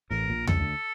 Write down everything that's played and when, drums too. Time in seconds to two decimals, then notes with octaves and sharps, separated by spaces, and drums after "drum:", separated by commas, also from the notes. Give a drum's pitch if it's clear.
0.10 A1 A2 A#4
0.29 A#1 A#2
0.47 C2 C3 A4, drum: tom E2
0.60 D2 D3